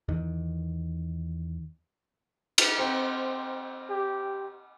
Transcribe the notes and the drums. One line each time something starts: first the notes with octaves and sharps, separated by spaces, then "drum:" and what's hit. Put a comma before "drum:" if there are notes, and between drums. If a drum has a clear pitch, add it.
E2 D#3
drum: cymbal
C4 C5 G5
G4